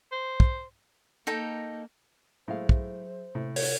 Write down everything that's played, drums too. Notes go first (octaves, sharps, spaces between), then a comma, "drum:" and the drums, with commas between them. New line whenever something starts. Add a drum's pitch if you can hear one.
C5
drum: kick
A#3 D#4 A4 G5
A2 F#3 G#3 G#4 C5 E5 F5
drum: kick
A2 C3
C#5, drum: open hi-hat